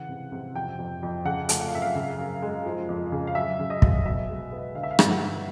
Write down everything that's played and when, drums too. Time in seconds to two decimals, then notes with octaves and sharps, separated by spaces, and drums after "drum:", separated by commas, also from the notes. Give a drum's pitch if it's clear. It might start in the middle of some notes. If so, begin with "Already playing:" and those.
Already playing: C#3 E3 F#5
0.09 C3
0.32 C3
0.55 F2 G5
0.79 F2
1.03 F2
1.25 C#3 F#5
1.49 A3, drum: hi-hat
1.60 F#5
1.68 F5
1.72 F#2 E5
1.82 F5
1.95 C#3
2.19 F#2
2.42 G#3
2.66 F3
2.89 F2
3.12 C#3
3.27 F5
3.35 F#3 E5
3.59 C#3
3.70 D#5
3.82 F#3, drum: kick
4.05 B2 E5
4.29 G#3
4.52 B3
4.75 D3 F5
4.83 E5
4.91 F5
4.99 G2, drum: rim click
5.11 F#5
5.22 G2